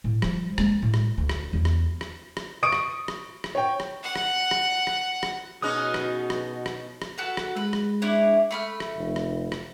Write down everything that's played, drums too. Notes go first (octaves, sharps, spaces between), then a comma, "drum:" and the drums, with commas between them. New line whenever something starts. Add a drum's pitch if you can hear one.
A2
F3 G3, drum: rim click
G#3 A#3, drum: rim click
A2
drum: rim click
D2
drum: rim click
E2
drum: rim click
drum: rim click
drum: rim click
C#6 D#6 D7
drum: rim click
drum: rim click
drum: rim click
C#5 G5
drum: rim click
F#5
drum: rim click
drum: rim click
drum: rim click
drum: rim click
B2 B3 C#4 D#4 G#4 D#6 F#6
drum: rim click
drum: rim click
drum: rim click
drum: rim click
F#4 A4 B4
drum: rim click
G#3 B4
drum: rim click
D4 E4 C#5
A3 B5 F6
drum: rim click
F1
drum: rim click
drum: rim click